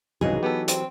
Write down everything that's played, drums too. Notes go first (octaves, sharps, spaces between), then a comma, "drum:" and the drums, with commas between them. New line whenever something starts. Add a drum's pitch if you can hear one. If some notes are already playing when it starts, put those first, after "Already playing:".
C2 G#2 C#3 E3 F#3 D#4 G#4
B3 G4 A4
C4, drum: hi-hat